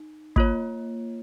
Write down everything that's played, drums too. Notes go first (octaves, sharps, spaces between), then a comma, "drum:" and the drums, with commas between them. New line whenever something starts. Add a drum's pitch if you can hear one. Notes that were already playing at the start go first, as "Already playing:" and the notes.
Already playing: D#4
A#3 F4 C#5, drum: kick